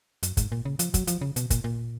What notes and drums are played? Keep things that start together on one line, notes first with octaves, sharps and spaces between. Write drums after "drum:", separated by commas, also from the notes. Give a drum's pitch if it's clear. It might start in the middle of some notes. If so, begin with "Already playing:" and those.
F#2, drum: hi-hat
G#2, drum: kick, hi-hat
A#2
C#3
F3, drum: hi-hat
F#3, drum: kick, hi-hat
F3, drum: hi-hat
C#3
B2, drum: hi-hat
A#2, drum: kick, hi-hat
A#2